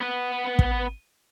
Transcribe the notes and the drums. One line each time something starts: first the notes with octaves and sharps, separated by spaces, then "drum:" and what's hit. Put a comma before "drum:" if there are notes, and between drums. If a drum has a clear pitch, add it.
B3 B4
drum: kick